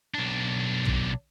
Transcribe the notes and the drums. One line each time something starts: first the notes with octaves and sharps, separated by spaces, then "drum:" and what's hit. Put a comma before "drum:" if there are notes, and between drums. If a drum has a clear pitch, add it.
B1 D4
drum: tom